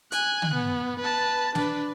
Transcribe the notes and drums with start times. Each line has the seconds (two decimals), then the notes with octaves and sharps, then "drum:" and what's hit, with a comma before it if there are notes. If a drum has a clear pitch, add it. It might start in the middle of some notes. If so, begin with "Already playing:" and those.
0.12 G#5 F#6, drum: hi-hat
0.42 drum: tom
0.54 B3
0.99 B4 A5
1.55 D4 B4, drum: snare